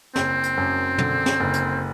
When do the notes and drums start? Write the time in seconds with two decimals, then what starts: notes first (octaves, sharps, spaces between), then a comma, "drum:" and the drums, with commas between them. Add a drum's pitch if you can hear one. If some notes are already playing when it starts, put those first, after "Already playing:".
0.16 F#1 C4, drum: snare
0.43 drum: hi-hat
0.57 F#2
0.98 D3, drum: tom
1.26 drum: snare
1.40 F#1
1.53 drum: hi-hat